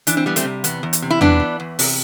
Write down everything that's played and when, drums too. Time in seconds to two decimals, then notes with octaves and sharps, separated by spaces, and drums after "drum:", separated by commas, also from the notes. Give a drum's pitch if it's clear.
0.07 E3 D4, drum: hi-hat
0.17 C4
0.26 G3 B3
0.36 A3 C4, drum: hi-hat
0.44 C3
0.64 E2 B3, drum: hi-hat
0.83 E2
0.93 drum: hi-hat
1.02 C3
1.10 E4
1.21 E3 B3 D4, drum: tom E2
1.40 E3
1.60 E2
1.79 C3, drum: open hi-hat